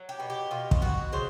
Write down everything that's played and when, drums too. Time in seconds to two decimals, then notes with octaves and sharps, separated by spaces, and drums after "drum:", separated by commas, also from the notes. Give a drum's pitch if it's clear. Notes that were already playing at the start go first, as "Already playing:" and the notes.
Already playing: F#3
0.09 G4
0.20 B2
0.30 G4
0.51 B2 F4
0.71 drum: kick
0.82 B2 F#4
1.13 C#3 C5